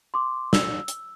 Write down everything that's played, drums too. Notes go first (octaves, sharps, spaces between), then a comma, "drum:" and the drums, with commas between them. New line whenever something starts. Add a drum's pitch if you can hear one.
C6 D6
E6, drum: snare
drum: hi-hat